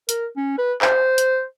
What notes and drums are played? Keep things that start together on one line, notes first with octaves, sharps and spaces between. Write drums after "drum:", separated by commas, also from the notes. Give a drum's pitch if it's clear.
A#4, drum: hi-hat
C#4
B4
C5, drum: clap
drum: hi-hat